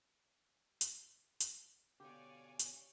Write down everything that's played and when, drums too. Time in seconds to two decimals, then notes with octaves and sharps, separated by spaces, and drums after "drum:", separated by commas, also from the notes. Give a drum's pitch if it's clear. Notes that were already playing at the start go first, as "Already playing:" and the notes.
0.81 drum: hi-hat
1.40 drum: hi-hat
2.00 B2 D3 G4 C#5 D5 F5 G#5
2.59 drum: hi-hat